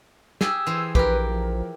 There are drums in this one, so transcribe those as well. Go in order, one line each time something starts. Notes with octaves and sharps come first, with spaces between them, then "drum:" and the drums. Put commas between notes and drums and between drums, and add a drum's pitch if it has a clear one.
G4 G#4 E6, drum: snare
E3 C5
A#1 G4 A#4 B4, drum: kick B1
F3